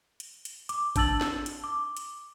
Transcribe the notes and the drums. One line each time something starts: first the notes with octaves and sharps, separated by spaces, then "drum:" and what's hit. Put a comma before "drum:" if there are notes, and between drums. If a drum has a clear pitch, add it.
drum: hi-hat
drum: hi-hat
D6, drum: hi-hat
D4 A5 E6 A6 F#7, drum: kick, hi-hat
drum: snare
drum: hi-hat
D6
drum: hi-hat